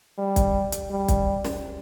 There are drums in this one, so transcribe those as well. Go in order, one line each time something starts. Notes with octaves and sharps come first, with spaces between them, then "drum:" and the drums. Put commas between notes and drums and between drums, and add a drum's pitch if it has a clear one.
G3
drum: kick, hi-hat
drum: hi-hat
G3
drum: kick, hi-hat
drum: snare